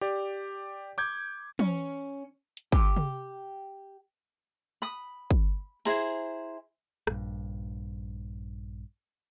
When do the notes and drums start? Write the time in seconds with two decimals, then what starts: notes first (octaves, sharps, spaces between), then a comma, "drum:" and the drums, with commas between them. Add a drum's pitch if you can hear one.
0.01 G4 D5
0.98 D6 G6 G#6
1.59 C#4, drum: tom
2.57 drum: hi-hat
2.72 G4, drum: kick
2.97 drum: tom C3
4.82 B5 D#6
5.31 drum: kick
5.85 E4 G#4 C5 A#5, drum: open hi-hat
7.07 A#1 G2, drum: rim click